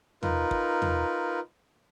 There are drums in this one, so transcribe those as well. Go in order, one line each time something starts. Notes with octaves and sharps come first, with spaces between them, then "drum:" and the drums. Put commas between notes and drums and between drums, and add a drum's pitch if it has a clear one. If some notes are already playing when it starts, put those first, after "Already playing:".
D#4 F4 A#4 B4, drum: tom
drum: kick
drum: tom